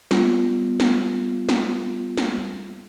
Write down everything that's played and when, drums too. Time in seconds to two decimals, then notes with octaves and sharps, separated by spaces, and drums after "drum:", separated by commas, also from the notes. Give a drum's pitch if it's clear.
0.11 G3 B3 F4, drum: snare
0.80 drum: snare
1.49 drum: snare
2.17 drum: snare